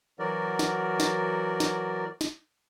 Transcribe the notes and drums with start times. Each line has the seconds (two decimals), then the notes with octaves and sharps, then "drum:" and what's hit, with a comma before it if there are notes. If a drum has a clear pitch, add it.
0.19 E3 F#3 F#4 A#4 D5
0.59 drum: snare
1.00 drum: snare
1.60 drum: snare
2.21 drum: snare